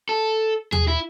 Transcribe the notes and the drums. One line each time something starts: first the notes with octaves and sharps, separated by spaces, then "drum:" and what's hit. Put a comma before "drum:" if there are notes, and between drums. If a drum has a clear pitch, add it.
A4
G#4, drum: tom D#2
E4